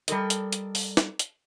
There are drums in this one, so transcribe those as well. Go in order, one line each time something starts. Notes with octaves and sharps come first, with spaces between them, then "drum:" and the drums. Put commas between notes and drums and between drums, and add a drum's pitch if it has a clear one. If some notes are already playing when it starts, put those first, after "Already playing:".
G3 A4 A#4 D#5, drum: hi-hat
drum: hi-hat
drum: hi-hat
drum: open hi-hat
drum: snare
drum: hi-hat